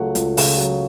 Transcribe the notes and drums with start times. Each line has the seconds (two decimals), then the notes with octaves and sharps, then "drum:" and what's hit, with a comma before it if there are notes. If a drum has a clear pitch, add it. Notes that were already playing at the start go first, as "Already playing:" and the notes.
Already playing: C#2 C#3 F#3 A3 F#5
0.15 C#2, drum: hi-hat
0.37 C#3, drum: open hi-hat
0.58 F#3